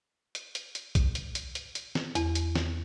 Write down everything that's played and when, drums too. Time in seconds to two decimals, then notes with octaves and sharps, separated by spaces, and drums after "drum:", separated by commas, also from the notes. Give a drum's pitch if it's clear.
0.35 drum: hi-hat
0.55 drum: hi-hat
0.75 drum: hi-hat
0.95 drum: kick A#1, hi-hat
1.15 drum: hi-hat
1.35 drum: hi-hat
1.55 drum: hi-hat
1.75 drum: hi-hat
1.95 drum: snare
2.15 E2, drum: hi-hat
2.35 drum: hi-hat
2.55 drum: snare